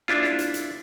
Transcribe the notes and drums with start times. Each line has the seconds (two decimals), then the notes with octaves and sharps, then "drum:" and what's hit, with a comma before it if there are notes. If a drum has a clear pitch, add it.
0.08 D4 E4 F4, drum: snare
0.23 drum: snare
0.39 drum: hi-hat
0.54 drum: hi-hat